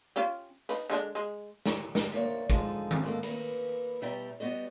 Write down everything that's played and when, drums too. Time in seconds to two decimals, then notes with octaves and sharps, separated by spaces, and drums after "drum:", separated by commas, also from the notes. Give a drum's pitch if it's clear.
0.16 C#4 F4 G4
0.69 D#4 B4, drum: hi-hat
0.90 D3 G#3 D4
1.15 G#3
1.66 drum: snare
1.95 drum: snare
2.12 C3 A#3 C#5 D5
2.50 D3 F3 G#3 D#4 A5, drum: kick
2.91 drum: tom D#3
3.03 G#2 A#3 A4
3.23 A#3 B4, drum: cymbal
4.02 B2 G3 E5 G5 A#5
4.40 G3 B3 F#4 D#5